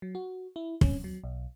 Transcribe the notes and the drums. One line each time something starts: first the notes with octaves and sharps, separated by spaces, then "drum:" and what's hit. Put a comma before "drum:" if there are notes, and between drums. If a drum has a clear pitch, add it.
F#3
F#4
E4
C#4, drum: kick
F#3
B1